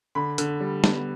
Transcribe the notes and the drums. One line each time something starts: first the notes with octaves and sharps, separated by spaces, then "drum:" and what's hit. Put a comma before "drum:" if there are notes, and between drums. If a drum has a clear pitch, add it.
D3 B5
D3, drum: hi-hat
G3
B3, drum: snare